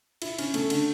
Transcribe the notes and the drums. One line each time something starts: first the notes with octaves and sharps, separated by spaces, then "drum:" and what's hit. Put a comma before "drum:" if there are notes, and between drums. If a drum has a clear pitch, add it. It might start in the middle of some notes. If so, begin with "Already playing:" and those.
E4, drum: cymbal
C#4, drum: cymbal
A3, drum: cymbal
D3, drum: cymbal